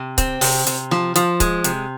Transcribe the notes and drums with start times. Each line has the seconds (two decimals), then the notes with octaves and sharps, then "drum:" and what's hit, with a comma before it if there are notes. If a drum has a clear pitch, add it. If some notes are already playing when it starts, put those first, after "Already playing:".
Already playing: C3
0.18 C4, drum: kick C#1, hi-hat
0.41 C3, drum: open hi-hat
0.67 C3, drum: hi-hat
0.91 F3, drum: snare
1.16 F3, drum: hi-hat
1.40 G#3, drum: kick C#1, hi-hat
1.64 C3, drum: hi-hat